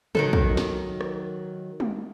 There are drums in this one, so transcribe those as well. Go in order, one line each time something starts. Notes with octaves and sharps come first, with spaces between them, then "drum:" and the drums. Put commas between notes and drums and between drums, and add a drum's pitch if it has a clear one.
D#3 F#3 A4, drum: tom
drum: kick
drum: snare
drum: rim click
drum: tom